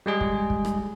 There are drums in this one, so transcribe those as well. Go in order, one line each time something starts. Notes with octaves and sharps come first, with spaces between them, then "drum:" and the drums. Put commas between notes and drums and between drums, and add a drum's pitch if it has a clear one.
G3 G#3 G#4
drum: kick
drum: kick
drum: rim click